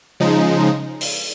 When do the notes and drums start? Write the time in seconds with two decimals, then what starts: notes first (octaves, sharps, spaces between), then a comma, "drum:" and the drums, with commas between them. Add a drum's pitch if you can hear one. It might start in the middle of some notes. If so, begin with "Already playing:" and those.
0.20 C#3 F3 G#3 D#4
1.01 drum: open hi-hat